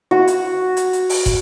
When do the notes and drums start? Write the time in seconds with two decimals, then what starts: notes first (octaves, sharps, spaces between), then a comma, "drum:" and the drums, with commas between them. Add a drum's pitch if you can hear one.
0.11 F#4
0.27 drum: hi-hat
0.77 drum: hi-hat
0.93 drum: hi-hat
1.09 drum: open hi-hat
1.26 drum: kick, hi-hat